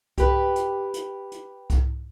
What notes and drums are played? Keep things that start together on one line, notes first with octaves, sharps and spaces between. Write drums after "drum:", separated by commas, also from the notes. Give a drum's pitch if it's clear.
G4 B4, drum: kick C2, hi-hat
drum: hi-hat
drum: hi-hat
drum: hi-hat
drum: kick C2, hi-hat